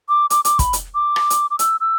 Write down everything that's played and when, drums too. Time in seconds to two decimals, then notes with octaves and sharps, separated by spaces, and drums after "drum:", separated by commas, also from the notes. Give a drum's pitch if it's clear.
0.09 D6
0.30 D6, drum: hi-hat
0.45 D6, drum: hi-hat
0.59 B5, drum: kick, hi-hat
0.73 drum: hi-hat
0.95 D6
1.16 drum: rim click
1.30 drum: hi-hat
1.51 D6
1.59 E6, drum: hi-hat
1.80 E6